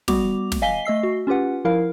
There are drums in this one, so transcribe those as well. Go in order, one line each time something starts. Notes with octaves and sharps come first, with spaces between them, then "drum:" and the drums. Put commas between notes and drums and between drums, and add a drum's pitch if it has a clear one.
G3 B3 F#4 D6 F7, drum: snare
drum: snare
D#5 F5 G#5 B6 G7
A3 D#5 E6 C7
F#4
C#4 F4 G4 B4 F#5
F3 E4 A#4 F5